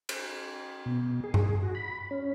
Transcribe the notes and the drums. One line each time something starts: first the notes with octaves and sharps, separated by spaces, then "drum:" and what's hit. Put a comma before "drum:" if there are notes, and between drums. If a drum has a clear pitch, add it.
drum: cymbal
B2
G#4
drum: tom G2
F#4
B5
C#4